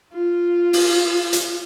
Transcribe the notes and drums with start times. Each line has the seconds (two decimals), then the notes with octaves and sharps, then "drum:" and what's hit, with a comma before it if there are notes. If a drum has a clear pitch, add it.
0.13 F4
0.73 drum: open hi-hat
1.33 drum: hi-hat